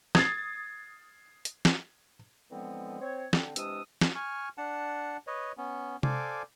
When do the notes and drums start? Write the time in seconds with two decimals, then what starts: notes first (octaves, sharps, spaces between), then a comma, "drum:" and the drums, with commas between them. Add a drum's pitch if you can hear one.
0.15 D#6 G#6 A6 C7, drum: snare
1.45 drum: hi-hat
1.65 drum: snare
2.51 D3 E3 F3 G#3 B3 C4
3.01 C4 C#5
3.33 D3 C4, drum: snare
3.56 C3 E3 G#3 D4 D#6 E6, drum: hi-hat
4.01 drum: snare
4.15 G#5 C#6 F6
4.58 D4 F#5 A5
5.27 B4 C#5 D#5
5.57 B3 C#4
6.03 A4 C5 D5 F5 G#5 D6, drum: tom C3